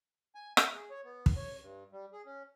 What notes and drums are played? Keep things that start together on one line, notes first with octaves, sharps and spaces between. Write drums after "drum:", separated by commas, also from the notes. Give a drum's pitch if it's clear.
G#5
E5, drum: rim click
G#4
C#5
B3
drum: kick
C#5
G2
G3
G#4
C#4